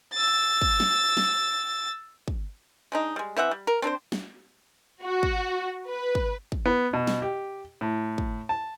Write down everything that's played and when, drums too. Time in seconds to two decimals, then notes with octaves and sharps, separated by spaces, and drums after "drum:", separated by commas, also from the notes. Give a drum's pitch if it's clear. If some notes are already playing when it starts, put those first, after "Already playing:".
0.14 E6 A6
0.61 drum: kick
0.80 drum: snare
1.17 drum: snare
2.28 drum: kick
2.92 G#3 D4 D#4
3.16 G3 G#3
3.37 E3 C4 E5 F#5
3.51 G3
3.67 A#4
3.82 C4 D4 A#4 C5
4.12 drum: snare
5.02 F#4
5.23 drum: kick
5.87 B4
6.15 drum: kick
6.52 drum: kick
6.66 B3
6.93 B2
7.07 drum: snare
7.22 G4
7.81 A2
8.18 drum: kick
8.49 A5